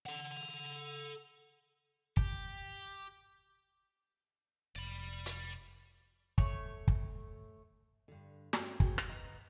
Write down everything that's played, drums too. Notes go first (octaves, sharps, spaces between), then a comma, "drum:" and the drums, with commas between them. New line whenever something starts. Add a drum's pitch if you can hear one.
A4 F#5
G4, drum: kick
F1 D5 B5
drum: hi-hat
A3 C#5, drum: kick
drum: kick
G2 D3
G2 A3 C4 C#4 F#4, drum: snare
F#4 G#4 C5 G5 G#5, drum: kick
drum: rim click
B4 D#5 F#5 A#5